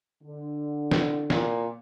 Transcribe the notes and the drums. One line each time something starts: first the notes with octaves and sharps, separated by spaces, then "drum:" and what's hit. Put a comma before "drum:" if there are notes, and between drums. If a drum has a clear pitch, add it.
D3
drum: snare
A#2, drum: snare